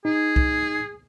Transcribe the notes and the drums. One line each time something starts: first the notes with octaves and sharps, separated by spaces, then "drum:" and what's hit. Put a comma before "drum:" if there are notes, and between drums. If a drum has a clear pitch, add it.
D#4 G#4
drum: kick C2